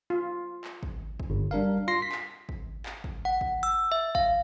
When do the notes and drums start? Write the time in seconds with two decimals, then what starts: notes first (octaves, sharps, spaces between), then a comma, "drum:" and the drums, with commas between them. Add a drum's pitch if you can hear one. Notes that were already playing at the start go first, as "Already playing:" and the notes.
0.10 F4
0.64 drum: clap
0.83 drum: kick
1.20 drum: kick
1.30 G1
1.51 G3 D4 A#4 F5
1.88 F4 C6 A#6 C7
2.02 B6
2.12 drum: clap
2.49 drum: kick
2.86 drum: clap
3.04 drum: kick
3.25 F#5
3.41 drum: kick
3.63 E6
3.92 E5
4.15 F5, drum: kick